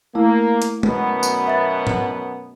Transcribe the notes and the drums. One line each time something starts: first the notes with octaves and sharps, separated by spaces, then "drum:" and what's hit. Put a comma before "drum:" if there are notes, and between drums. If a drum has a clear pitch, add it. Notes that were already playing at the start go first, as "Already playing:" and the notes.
A3 A#3 E4
drum: hi-hat
F#2 B2 B3, drum: tom G#3
drum: tambourine
E5 A6
drum: tom